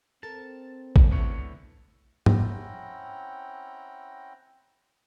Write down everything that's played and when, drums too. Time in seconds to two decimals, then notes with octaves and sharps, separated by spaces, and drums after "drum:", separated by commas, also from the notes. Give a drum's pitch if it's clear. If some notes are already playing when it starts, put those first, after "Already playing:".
0.23 C4 A4 A#4 A5
0.96 drum: kick
1.11 D3 A3 B3 E4 C#5
2.26 C4 C#4 E4 F#5 G5 A#5, drum: tom G#2